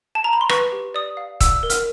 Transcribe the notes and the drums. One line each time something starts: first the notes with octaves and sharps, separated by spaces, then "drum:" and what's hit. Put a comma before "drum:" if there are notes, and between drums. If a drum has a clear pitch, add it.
A5
A#5
B5
C6
B4 C#6, drum: rim click
G4
D5 D#6
F5
D5 E6, drum: kick, hi-hat
A#4
F6, drum: hi-hat